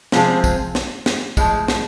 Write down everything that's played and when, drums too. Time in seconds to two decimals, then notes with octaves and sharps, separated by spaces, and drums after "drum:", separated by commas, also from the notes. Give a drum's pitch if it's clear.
0.12 C3 F3 G#3 C4 F4, drum: snare
0.44 drum: kick, tambourine
0.75 drum: snare
1.06 drum: snare
1.37 A2 F3 G#3, drum: kick, tambourine
1.68 drum: snare